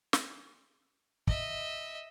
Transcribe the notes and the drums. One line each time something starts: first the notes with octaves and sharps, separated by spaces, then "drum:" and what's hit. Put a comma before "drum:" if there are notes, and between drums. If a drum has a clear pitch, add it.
drum: snare
D#5 E5, drum: kick